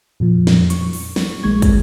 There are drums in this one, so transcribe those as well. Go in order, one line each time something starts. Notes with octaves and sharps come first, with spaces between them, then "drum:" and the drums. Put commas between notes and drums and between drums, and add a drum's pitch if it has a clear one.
F2 A#2 F3
drum: snare
C#6, drum: hi-hat
drum: open hi-hat
drum: snare
A#1 D#3 G#3 A#3 C#6 G#6
drum: kick, hi-hat